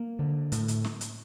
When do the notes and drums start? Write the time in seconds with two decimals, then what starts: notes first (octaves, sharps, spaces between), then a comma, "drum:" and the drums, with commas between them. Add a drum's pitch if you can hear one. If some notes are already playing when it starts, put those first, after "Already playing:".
Already playing: A#3
0.19 D3
0.52 A2, drum: hi-hat
0.68 drum: hi-hat
0.84 drum: snare
1.01 drum: hi-hat